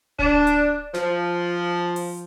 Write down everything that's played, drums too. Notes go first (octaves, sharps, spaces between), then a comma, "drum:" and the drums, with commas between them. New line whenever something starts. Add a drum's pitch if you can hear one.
D4, drum: kick D1
drum: hi-hat
F3, drum: snare
drum: open hi-hat